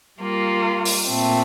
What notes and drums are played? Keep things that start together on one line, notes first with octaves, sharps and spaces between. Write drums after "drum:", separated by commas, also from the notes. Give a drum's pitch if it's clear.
G3 A#3 F4
drum: open hi-hat
A#2 A3 C4